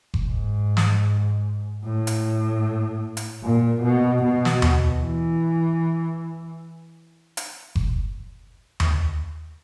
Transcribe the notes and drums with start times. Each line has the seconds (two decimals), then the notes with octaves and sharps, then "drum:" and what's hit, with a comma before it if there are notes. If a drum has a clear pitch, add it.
0.14 drum: kick F#1
0.24 G#2
0.77 drum: snare
1.84 A2
2.07 drum: hi-hat
3.17 drum: hi-hat
3.44 A#2
3.83 B2
4.24 B2
4.45 drum: snare
4.62 drum: tom D#2
5.03 E3
7.37 drum: hi-hat
7.75 drum: kick F#1
8.80 drum: tom D#2